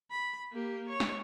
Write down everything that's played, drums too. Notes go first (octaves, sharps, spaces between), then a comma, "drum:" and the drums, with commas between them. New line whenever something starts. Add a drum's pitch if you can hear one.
B5
A#3 G4
C#5
drum: snare